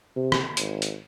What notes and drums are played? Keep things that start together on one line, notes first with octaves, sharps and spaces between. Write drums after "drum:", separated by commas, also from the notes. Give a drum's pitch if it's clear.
C3
drum: rim click
G#1, drum: hi-hat
drum: hi-hat